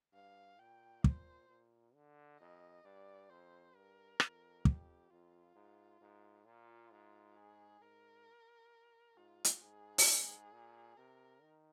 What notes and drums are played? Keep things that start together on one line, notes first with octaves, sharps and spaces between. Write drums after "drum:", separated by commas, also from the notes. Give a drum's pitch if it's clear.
G2 F5
A#2 G5
C5, drum: kick
A#2
D3
F2 D#5
G2 D5
F2 C5
G2 A#4
F2, drum: rim click
G4, drum: kick
F2 F4
G#2
G#2
A#2 F4
G#2
G#4
G#2 A#4
G#2 F4
drum: hi-hat
G#2 G#4
drum: open hi-hat
A#2
C3 A#4
D#3